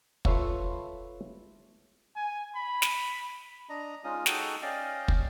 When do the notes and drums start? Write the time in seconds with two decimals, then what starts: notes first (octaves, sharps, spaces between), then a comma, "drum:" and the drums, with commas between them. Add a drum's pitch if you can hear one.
0.25 F4 A4 B4 C#5 E5 F5, drum: kick
2.16 G#5
2.55 B5
2.82 drum: snare
3.69 D4 D#5 A#5
4.04 G#3 C#4 D#4 F4 D#6
4.26 D#4 F#4 G#4 A4 G5, drum: snare
4.62 C#4 D5 D#5 F5 G5
5.08 drum: kick